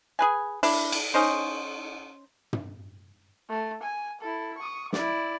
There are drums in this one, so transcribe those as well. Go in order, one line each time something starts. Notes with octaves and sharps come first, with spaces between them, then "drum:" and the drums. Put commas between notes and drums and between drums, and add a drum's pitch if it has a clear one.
G#4 B4 G#5
D4 E4, drum: open hi-hat
drum: cymbal
C#4 D#4 C5
drum: tom
A3
G#5
E4 A4
C#6 D#6
E4 D5, drum: snare